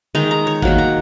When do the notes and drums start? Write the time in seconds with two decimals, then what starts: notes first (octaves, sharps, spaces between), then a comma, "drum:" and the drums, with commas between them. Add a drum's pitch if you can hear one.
0.15 D#3 G#3 D#4 A#5
0.31 A#5
0.47 C#5
0.62 D#3 F#3 A#3 F#5, drum: kick G#1
0.78 A#5